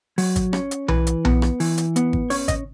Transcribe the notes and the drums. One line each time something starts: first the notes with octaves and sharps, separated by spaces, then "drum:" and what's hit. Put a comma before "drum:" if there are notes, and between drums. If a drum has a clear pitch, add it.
F#3, drum: open hi-hat
drum: kick G#1, hi-hat
C#4, drum: rim click
drum: hi-hat
E3 B4, drum: tom B1
drum: hi-hat
B3, drum: tom B1
drum: rim click
E3, drum: open hi-hat
drum: hi-hat
B3, drum: hi-hat
drum: kick G#1
C#4 C#5, drum: open hi-hat
D#5, drum: kick G#1, hi-hat